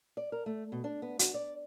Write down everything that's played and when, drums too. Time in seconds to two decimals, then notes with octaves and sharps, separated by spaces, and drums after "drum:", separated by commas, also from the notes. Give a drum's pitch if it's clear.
0.17 D5
0.32 A#4
0.46 A3
0.72 B2
0.84 D4
1.02 B3
1.19 F#4, drum: hi-hat
1.34 D5